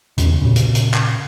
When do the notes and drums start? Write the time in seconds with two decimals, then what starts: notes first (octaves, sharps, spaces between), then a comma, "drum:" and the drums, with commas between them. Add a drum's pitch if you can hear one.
0.18 B1 E2 C#3, drum: hi-hat
0.41 A#2 C#3
0.56 drum: hi-hat
0.75 drum: hi-hat
0.94 drum: clap